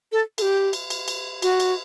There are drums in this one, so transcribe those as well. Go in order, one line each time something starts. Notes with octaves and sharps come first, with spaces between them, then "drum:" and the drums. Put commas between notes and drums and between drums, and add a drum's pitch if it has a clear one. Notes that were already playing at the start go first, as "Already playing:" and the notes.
A4
A4, drum: cymbal
G4
drum: cymbal
drum: cymbal
drum: cymbal
F#4, drum: cymbal
drum: cymbal